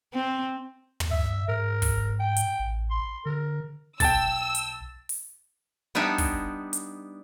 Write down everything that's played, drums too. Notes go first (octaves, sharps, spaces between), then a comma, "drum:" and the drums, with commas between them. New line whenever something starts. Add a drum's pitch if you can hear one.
C4
drum: tom
G2 E5
G#2 A#4
drum: kick, open hi-hat
G5
drum: hi-hat
A1
C6
D3 A#4
B1 G5 A5 E6 A6, drum: kick, open hi-hat
drum: hi-hat
drum: open hi-hat
G3 B3 D4 D#4 E5
drum: kick, open hi-hat
drum: hi-hat